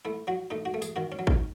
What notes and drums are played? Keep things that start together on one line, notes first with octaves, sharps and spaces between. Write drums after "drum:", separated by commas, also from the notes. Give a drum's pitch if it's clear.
A3 E4
F#3 F#4
A3 D#4
F#4
A3
G#4, drum: tambourine
D#3 F#4
C#4
F#3
D#4, drum: kick